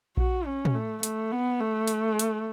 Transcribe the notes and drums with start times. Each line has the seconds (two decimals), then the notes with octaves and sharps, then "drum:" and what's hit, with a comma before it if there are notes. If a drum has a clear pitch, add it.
0.17 F#4, drum: kick A#1
0.46 C#4
0.65 drum: tom
0.74 A3
1.03 A3, drum: hi-hat
1.31 B3
1.60 A3
1.87 drum: hi-hat
2.19 drum: hi-hat